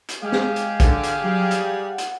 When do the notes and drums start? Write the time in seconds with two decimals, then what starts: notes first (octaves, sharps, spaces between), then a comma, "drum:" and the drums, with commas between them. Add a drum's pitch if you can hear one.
0.09 drum: hi-hat
0.22 G#3 G4 G#4 F5
0.32 drum: snare
0.56 drum: hi-hat
0.80 D3, drum: kick, hi-hat
1.04 drum: hi-hat
1.24 F#3 G3
1.51 drum: hi-hat
1.70 F#5
1.98 drum: hi-hat